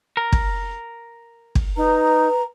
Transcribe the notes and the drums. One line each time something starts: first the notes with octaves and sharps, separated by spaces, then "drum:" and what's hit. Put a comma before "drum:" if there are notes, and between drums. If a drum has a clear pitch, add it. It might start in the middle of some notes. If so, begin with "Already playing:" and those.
A#4
drum: kick
drum: kick
D#4 B4 A#5